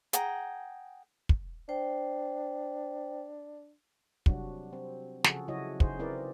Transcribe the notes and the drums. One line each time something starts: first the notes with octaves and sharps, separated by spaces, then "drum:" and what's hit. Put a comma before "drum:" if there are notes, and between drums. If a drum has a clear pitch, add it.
G#4 F#5 G5 A#5, drum: hi-hat
drum: kick
D4 C5 G5
C3 F#3 G3 D4 F#4, drum: kick
C4
C#3 F3 F#4 G#4 A4, drum: snare
C#3 F#3 E4 F#4 C#5 D#5
C#3 D#4 G#4 C5, drum: kick
C4 E4 A#4 B4 D5